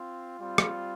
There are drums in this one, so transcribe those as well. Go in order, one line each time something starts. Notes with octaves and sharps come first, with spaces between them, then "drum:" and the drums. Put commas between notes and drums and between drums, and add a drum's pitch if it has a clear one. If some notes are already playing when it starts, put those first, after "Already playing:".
Already playing: C4 F4
G3 C4 F4
drum: rim click